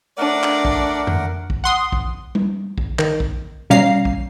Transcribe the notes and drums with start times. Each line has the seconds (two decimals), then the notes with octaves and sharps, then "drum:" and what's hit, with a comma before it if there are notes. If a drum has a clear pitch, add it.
0.18 A3 D4 A#4 F#5
0.43 drum: clap
0.65 drum: kick
1.07 drum: tom F2
1.50 drum: kick
1.64 F#5 C6 D#6
1.92 drum: kick
2.35 drum: tom G3
2.78 drum: kick
2.99 D#3, drum: clap
3.20 drum: kick
3.70 B2 G3 C#4 F5 A#5 C7
4.05 drum: kick